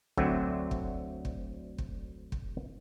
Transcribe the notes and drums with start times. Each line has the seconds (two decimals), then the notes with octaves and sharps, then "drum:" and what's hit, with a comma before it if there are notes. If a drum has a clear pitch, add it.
0.17 D2 D3 F#3 A3 C4 E5, drum: kick
0.71 drum: kick
1.25 drum: kick
1.78 drum: kick
2.32 drum: kick